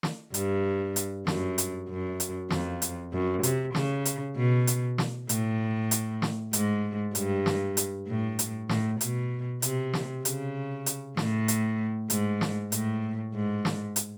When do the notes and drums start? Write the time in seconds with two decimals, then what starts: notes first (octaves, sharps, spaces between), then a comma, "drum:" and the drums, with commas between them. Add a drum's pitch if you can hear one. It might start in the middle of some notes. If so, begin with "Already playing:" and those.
0.03 drum: snare
0.34 G2, drum: hi-hat
0.96 drum: hi-hat
1.27 F#2, drum: snare
1.58 drum: hi-hat
1.89 F#2
2.20 drum: hi-hat
2.50 F2, drum: snare
2.82 drum: hi-hat
3.13 F#2
3.43 C3, drum: hi-hat
3.75 C#3, drum: snare
4.05 drum: hi-hat
4.36 B2
4.67 drum: hi-hat
4.98 drum: snare
5.29 A2, drum: hi-hat
5.91 drum: hi-hat
6.22 drum: snare
6.53 G#2, drum: hi-hat
7.15 G2, drum: hi-hat
7.46 drum: snare
7.77 drum: hi-hat
8.08 A2
8.39 drum: hi-hat
8.69 A2, drum: snare
9.01 B2, drum: hi-hat
9.62 C3, drum: hi-hat
9.93 drum: snare
10.25 C#3, drum: hi-hat
10.86 drum: hi-hat
11.17 A2, drum: snare
11.48 drum: hi-hat
12.10 G#2, drum: hi-hat
12.41 drum: snare
12.72 A2, drum: hi-hat
13.34 G#2
13.65 drum: snare
13.96 drum: hi-hat